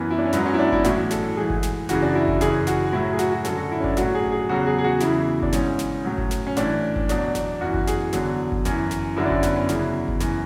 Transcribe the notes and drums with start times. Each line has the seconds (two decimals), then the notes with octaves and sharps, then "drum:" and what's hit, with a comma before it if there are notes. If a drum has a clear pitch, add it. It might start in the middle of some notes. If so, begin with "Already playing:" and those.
Already playing: F#2 E3 B3
0.11 E4
0.18 D4
0.25 C#4
0.33 G#2 F#3 B3, drum: snare
0.46 C#4
0.54 E4
0.59 D4
0.72 E4, drum: kick G1
0.85 A2 E3 F#4, drum: snare
1.11 A4, drum: snare
1.37 G#2 E3 G#4
1.50 drum: kick G1
1.63 drum: snare
1.89 F#2 C#3 E3 F#4, drum: snare
2.02 D4
2.15 E4
2.28 drum: kick G1
2.41 F#2 C#3 E3 G#4, drum: snare
2.67 F#4, drum: snare
2.93 A2 F#3 E4
3.13 G#4
3.19 F#4, drum: snare
3.32 F#4
3.45 F#2 D3 F#3 A4, drum: snare
3.58 F#4
3.72 E4
3.80 C#4
3.84 D4, drum: kick G1
3.97 A2 F#3 F#4, drum: snare
4.15 G#4
4.32 G#4
4.49 E2 C#3 F#3 F#4
4.66 G#4
4.79 G#4
4.84 F#4
5.01 E2 C#3 E3 E4, drum: snare
5.42 D4, drum: kick G1
5.53 G#2 E3 C#4, drum: snare
5.79 drum: snare
6.05 A2 F#3
6.18 drum: kick G1
6.31 drum: snare
6.47 C#4
6.57 A2 E3 D4, drum: snare
6.96 drum: kick G1
7.09 E2 B2 F#3 D4, drum: snare
7.35 drum: snare
7.61 F#2 E3 F#4
7.74 drum: kick G1
7.87 G#4, drum: snare
8.13 E2 D3 F#3, drum: snare
8.52 drum: kick G1
8.65 F#2 E3, drum: snare
8.91 drum: snare
9.16 F#2 D3 F#3 E4
9.25 D4
9.30 C#4, drum: kick G1
9.43 B3, drum: snare
9.56 C#4
9.69 E2 C#3 F#3 E4, drum: snare
10.08 drum: kick G1
10.20 F#2 E3, drum: snare